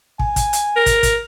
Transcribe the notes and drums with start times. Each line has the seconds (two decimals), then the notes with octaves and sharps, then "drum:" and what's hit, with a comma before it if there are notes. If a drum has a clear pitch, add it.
0.19 G#5, drum: kick
0.36 drum: kick, hi-hat
0.53 drum: hi-hat
0.76 A#4
0.86 drum: kick, hi-hat
1.03 drum: kick, hi-hat